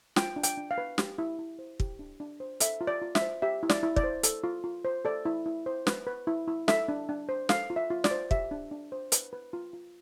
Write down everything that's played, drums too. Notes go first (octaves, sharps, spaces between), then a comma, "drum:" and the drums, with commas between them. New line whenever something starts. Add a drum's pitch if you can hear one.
F4 G5, drum: snare
D4
G5, drum: hi-hat
D4
F5
B4
G4, drum: snare
E4
E4
C5
G4, drum: kick
D4
D4
C5
A4 E5, drum: hi-hat
F4
D5
F4
E5, drum: snare
C5
G4 E5
E4
D5, drum: snare
E4
D5, drum: kick
C5
A4, drum: hi-hat
F4
F4
C5
A4 D5
E4
E4
C5
B4, drum: snare
B4
E4
E4
A4 E5, drum: snare
D4
D4
C5
A4 F5, drum: snare
F4
E5
F4
D5, drum: snare
C5
G4 E5, drum: kick
D4
D4
C5
B4, drum: hi-hat
B4
F4
F4